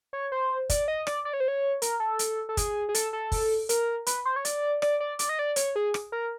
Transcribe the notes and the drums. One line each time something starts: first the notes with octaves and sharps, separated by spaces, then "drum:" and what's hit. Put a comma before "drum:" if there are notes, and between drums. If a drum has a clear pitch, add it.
C#5
C5
D5, drum: kick, hi-hat
D#5
D5, drum: rim click
D5
C#5
C5
C#5
A#4, drum: hi-hat
A4
drum: hi-hat
A4
G#4, drum: kick, hi-hat
G#4
A4, drum: hi-hat
A4
drum: kick, open hi-hat
A#4, drum: hi-hat
B4, drum: hi-hat
C5
C#5
D5, drum: hi-hat
D5, drum: rim click
D5
D5, drum: hi-hat
D#5
D5
C#5, drum: hi-hat
G#4
drum: rim click
A#4